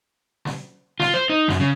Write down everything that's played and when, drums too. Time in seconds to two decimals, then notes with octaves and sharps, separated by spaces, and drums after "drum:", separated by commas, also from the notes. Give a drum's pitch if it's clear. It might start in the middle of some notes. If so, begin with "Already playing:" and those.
0.45 drum: snare
1.00 F4, drum: snare
1.14 C5
1.30 D#4
1.48 F#2, drum: snare
1.60 C#3